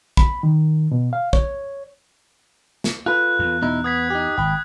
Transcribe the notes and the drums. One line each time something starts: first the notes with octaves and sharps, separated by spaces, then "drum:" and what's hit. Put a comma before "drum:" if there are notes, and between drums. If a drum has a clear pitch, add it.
B5, drum: kick
D#3
B2
F5
C#5, drum: kick
drum: snare
F4 A4 B4 F#6
E2
B2 D#4 E4
B3 D#6 G#6 B6
D#4 G4
G#1 G5 B5